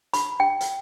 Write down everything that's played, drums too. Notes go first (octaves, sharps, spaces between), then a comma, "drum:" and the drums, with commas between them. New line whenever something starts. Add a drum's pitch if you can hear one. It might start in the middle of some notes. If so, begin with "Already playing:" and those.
B5, drum: hi-hat
G5
drum: hi-hat